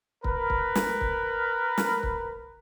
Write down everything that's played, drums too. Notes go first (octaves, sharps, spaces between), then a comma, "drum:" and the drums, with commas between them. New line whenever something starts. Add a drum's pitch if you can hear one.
A#4 B4, drum: kick
drum: kick
drum: snare
drum: kick
drum: snare
drum: kick